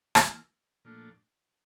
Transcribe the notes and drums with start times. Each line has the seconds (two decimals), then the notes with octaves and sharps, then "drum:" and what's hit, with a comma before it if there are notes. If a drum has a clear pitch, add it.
0.15 E3 A#3 F4, drum: rim click
0.85 A#2 F3 A3 D4